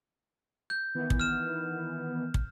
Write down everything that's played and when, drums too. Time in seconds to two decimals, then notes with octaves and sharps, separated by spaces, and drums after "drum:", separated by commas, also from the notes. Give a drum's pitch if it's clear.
0.70 G6
0.95 D#3 E3 B3
1.10 drum: kick
1.20 F6 E7
2.34 drum: kick